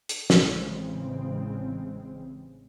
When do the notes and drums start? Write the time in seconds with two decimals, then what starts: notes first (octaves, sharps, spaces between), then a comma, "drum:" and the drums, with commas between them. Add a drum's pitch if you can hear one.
0.09 drum: hi-hat
0.30 A1 C#3 E3 G#3 C4, drum: snare